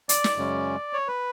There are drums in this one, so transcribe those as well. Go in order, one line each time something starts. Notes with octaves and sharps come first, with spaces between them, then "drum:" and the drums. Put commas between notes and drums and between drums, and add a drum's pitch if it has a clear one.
D5, drum: hi-hat
drum: snare
F#2 C#3 G#3 C#4
C#5
B4